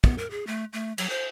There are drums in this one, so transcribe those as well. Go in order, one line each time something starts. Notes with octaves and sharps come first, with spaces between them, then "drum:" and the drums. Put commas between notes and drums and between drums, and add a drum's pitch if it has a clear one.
B3, drum: kick
A#4
G#4
A3
A3
F#3, drum: cymbal
C5